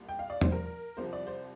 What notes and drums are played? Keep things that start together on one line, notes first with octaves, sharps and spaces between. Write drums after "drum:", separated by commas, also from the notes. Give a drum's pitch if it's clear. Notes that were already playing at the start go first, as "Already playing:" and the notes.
Already playing: C2 A#2
G5
F5
D5
C5, drum: tom E2
A#4
C2 C3 F3 C5
D5
C5